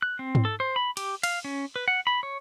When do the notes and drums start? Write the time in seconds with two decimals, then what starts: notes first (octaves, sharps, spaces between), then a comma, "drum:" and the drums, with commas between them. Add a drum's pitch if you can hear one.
0.02 F#6
0.19 C4
0.35 drum: tom G#2
0.45 A4
0.60 C5
0.76 B5
0.97 G4, drum: cymbal
1.23 F5, drum: cymbal
1.44 C#4
1.76 B4
1.88 F#5
2.07 B5
2.23 C#5